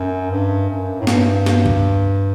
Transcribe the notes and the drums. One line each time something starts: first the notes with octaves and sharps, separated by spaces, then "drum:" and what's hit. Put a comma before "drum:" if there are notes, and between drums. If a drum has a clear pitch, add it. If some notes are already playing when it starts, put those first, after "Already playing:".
Already playing: F#2
G2
F#2
A2
G2, drum: snare
drum: snare
drum: kick